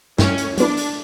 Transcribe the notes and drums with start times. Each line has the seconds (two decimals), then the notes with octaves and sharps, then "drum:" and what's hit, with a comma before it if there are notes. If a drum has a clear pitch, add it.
0.18 G2 C#4, drum: snare
0.38 drum: hi-hat
0.58 F#3 B3 D4 E4, drum: hi-hat
0.77 drum: hi-hat